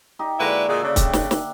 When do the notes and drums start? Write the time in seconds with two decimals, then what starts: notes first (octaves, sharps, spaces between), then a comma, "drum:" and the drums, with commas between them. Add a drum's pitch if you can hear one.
0.19 D#4 G4
0.39 D3 G#3 A#3 E4 F#4 B4
0.68 A#2 G#3 F#4 E5
0.83 C#3 D4
0.96 G4, drum: kick, hi-hat
1.13 drum: snare
1.31 drum: snare